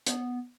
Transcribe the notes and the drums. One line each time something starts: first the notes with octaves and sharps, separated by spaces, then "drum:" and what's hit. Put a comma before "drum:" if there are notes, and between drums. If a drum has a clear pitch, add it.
B3, drum: hi-hat